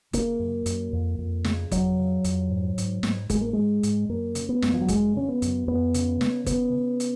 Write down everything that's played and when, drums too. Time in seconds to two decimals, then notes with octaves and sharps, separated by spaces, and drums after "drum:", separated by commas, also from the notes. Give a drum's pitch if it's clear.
0.13 C#3 A#3, drum: kick G1, hi-hat
0.39 F#2
0.66 F#2, drum: hi-hat
0.93 F2
1.18 F2
1.44 C#3, drum: snare
1.71 F2 F#3, drum: kick G1, hi-hat
1.98 C#3
2.24 F2, drum: hi-hat
2.50 G#2
2.78 G#2, drum: hi-hat
3.03 G#2, drum: snare
3.30 G#2 G#3, drum: kick G1, hi-hat
3.41 A#3
3.53 G#2 G#3
3.83 G#2, drum: hi-hat
4.09 F#2 A#3
4.35 C#3, drum: hi-hat
4.49 B3
4.62 F#2, drum: snare
4.74 F3
4.81 F#3
4.88 F#2 G#3, drum: kick G1, hi-hat
5.15 C#3 C#4
5.28 B3
5.42 F#2, drum: hi-hat
5.68 F2 B3
5.94 C#3, drum: hi-hat
6.21 C#3, drum: snare
6.46 C#3 B3, drum: kick G1, hi-hat
6.73 C#3
7.00 drum: hi-hat